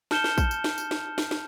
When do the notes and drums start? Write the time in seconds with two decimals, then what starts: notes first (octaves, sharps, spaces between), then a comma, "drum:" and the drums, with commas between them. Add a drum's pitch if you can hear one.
0.11 A5 F6 G6 C#7 E7 G7, drum: snare
0.24 drum: snare
0.38 drum: kick, tambourine
0.51 drum: tambourine
0.64 drum: snare
0.78 drum: tambourine
0.91 drum: snare
1.18 drum: snare
1.31 drum: snare